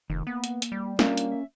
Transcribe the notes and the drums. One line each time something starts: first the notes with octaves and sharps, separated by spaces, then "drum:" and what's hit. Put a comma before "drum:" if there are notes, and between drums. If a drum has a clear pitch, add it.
F1 D#3
A#3 B3
drum: hi-hat
drum: hi-hat
G3
A#3 C#4 D4 F4 A5, drum: snare
drum: hi-hat
E5